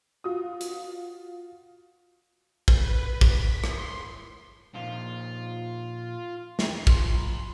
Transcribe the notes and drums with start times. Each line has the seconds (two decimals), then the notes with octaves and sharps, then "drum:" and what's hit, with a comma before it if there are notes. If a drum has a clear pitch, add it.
0.24 F4 F#4 D#6
0.61 drum: hi-hat
2.68 B4, drum: kick
3.21 B6, drum: kick
3.64 C6, drum: rim click
4.75 A#2 F3 D#4 F4
6.59 drum: snare
6.87 F3 B5 C6, drum: kick